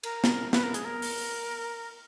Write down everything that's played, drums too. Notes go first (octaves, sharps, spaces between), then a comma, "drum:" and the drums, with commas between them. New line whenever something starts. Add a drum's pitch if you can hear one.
A#4, drum: cymbal
drum: snare
B4, drum: snare
A#4
G#4, drum: hi-hat
A#4
drum: open hi-hat